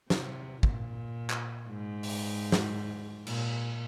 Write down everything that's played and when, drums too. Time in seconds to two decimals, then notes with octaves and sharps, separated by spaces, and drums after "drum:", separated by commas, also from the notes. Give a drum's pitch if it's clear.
0.10 C3, drum: snare
0.63 A#2, drum: kick
1.30 drum: clap
1.68 G#2
2.03 drum: open hi-hat
2.52 drum: snare
3.27 A#2, drum: cymbal